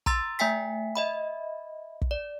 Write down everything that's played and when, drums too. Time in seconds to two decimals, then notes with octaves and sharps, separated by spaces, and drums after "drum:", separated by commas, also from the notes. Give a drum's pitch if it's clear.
0.06 A#5 C6 E6 A6, drum: kick
0.39 A3 E5 G5 G#5 B6
0.95 D#5 E5 B5
2.02 drum: kick
2.11 D5